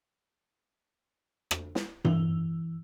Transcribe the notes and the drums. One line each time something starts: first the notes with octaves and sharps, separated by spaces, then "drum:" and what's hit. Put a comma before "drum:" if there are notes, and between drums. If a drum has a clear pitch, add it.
drum: rim click
drum: snare
E3, drum: tom G2